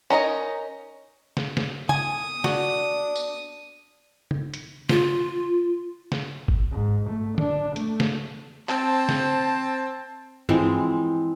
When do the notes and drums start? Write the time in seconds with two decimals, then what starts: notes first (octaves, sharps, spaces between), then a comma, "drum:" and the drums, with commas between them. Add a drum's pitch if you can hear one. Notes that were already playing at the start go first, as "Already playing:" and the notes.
0.10 C#4 D#4 A#4 D#5
1.37 drum: snare
1.57 drum: snare
1.89 G#5 D#6, drum: tom C#3
2.44 D4 F#4, drum: snare
3.15 drum: tambourine
4.31 drum: tom C#3
4.54 drum: hi-hat
4.89 F4, drum: snare
6.12 drum: snare
6.48 drum: kick G1
6.71 G#2
7.10 A3
7.38 D4, drum: tom D3
7.76 A3, drum: hi-hat
8.00 drum: snare
8.69 C4 C5 A5, drum: clap
9.09 drum: snare
10.49 E3 F3 G#3 C4, drum: tom G2